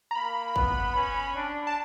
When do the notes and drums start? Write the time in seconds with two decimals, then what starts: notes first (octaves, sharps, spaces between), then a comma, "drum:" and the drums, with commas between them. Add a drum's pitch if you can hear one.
0.11 A#5
0.15 A#3 B5
0.56 B3, drum: kick
0.95 C#4
1.35 D4
1.67 A5